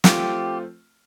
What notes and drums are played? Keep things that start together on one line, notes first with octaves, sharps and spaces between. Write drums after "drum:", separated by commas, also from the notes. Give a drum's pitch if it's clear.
F3 A3 C4 F4 G4, drum: snare